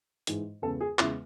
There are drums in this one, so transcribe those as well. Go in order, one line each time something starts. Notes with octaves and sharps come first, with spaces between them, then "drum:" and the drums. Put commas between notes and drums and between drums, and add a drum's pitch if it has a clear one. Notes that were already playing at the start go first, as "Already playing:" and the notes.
G#2 E3 G#3, drum: hi-hat
E2 C#3 G#3 A4
G#4
E2 C#3 G#3 E4, drum: clap